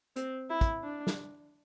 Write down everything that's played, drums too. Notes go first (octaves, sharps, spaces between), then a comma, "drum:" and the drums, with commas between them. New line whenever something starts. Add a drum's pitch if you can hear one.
C4, drum: hi-hat
E4
drum: kick, hi-hat
D4
drum: snare